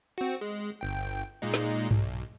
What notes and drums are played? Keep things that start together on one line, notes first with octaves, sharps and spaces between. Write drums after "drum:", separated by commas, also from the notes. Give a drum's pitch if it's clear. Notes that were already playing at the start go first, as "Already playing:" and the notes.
C4 F#4, drum: hi-hat
G#3
G1 G5
A#2 G#3 D#4
drum: snare
B1, drum: tom G2